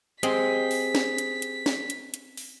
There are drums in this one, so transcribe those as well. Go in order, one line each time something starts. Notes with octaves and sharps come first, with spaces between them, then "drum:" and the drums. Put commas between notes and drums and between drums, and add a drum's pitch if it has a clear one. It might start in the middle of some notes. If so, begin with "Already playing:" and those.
C4 G4 G#4 D#5 B6, drum: hi-hat
drum: open hi-hat
drum: snare
drum: hi-hat
drum: hi-hat
drum: snare
drum: hi-hat
drum: hi-hat
drum: open hi-hat